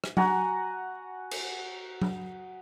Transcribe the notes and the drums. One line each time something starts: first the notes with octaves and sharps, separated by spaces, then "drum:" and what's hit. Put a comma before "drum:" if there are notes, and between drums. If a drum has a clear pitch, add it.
drum: rim click
F#4 F#5 G#5 A#5, drum: tom F#3
drum: cymbal
drum: tom F#3